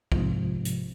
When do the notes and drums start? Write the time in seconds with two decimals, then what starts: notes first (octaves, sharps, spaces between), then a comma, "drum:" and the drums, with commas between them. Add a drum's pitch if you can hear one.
0.12 G#2 C3 F3, drum: kick
0.65 drum: hi-hat